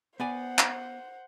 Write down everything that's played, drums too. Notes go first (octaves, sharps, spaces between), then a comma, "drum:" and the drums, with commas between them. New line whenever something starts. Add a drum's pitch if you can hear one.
B3 C5 D5 F#5 G#5
drum: clap